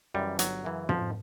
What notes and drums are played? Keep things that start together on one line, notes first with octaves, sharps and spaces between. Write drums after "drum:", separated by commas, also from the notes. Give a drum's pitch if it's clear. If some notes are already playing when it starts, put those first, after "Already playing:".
F#2 C#3 E3 G3
G1 F#3, drum: hi-hat
F#2 C#3 E3
F2 F3, drum: tom